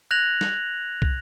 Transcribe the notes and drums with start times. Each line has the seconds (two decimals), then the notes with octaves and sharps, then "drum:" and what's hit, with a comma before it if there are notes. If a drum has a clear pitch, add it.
0.11 F#6 G#6 A#6 F7 F#7
0.41 drum: snare
1.02 drum: kick